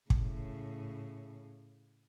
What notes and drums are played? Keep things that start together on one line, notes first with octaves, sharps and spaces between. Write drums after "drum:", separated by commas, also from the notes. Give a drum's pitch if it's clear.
A2 C#3, drum: kick